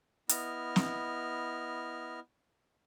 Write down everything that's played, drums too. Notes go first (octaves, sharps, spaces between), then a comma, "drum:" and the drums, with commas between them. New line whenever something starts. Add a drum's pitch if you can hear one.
B3 E4 D#5 F6, drum: hi-hat
drum: snare